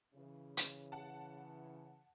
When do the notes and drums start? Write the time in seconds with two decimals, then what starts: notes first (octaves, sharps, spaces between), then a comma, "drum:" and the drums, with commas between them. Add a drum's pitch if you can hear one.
0.15 C#3 E3
0.57 drum: hi-hat
0.92 F#5 A5